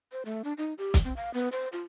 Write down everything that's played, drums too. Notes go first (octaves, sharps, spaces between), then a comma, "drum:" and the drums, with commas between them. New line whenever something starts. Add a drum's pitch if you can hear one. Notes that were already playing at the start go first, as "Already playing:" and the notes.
C5
A3
D4
D#4
G4
drum: kick, hi-hat
C4
F5
B3
C5
F4